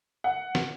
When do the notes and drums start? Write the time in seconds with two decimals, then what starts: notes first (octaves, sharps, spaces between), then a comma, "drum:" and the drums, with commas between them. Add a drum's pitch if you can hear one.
0.24 F#5
0.55 drum: snare